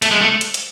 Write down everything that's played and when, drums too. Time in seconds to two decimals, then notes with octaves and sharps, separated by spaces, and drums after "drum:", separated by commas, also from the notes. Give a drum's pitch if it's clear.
0.02 A3, drum: hi-hat
0.11 G#3
0.21 A3
0.41 drum: hi-hat
0.54 drum: hi-hat